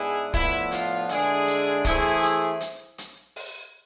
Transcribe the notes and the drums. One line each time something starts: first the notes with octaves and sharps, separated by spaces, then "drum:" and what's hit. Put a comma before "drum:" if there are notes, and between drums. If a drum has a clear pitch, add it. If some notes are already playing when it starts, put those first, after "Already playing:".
Already playing: G#2 G#3 B3 D4 E4 G#4
A2 F3 B3 D4 E4, drum: kick
F4, drum: hi-hat
D3 G#3 D4 E4 G#4, drum: hi-hat
drum: hi-hat
E3 A3 C4 E4 G#4, drum: kick, hi-hat
drum: hi-hat
drum: hi-hat
drum: hi-hat
drum: open hi-hat